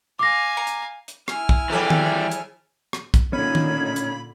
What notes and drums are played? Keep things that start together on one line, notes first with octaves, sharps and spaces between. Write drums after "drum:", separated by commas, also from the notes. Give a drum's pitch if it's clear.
F5 G#5 D6 A#6
A#5
drum: hi-hat
drum: hi-hat
E4 G#5 F6, drum: rim click
drum: kick
C#3 E3 F3 G3 A4
drum: tom D#3
drum: hi-hat
drum: rim click
drum: kick, hi-hat
A#2 D3 C#4 D#4 B5 G#6
drum: tom D#3
drum: hi-hat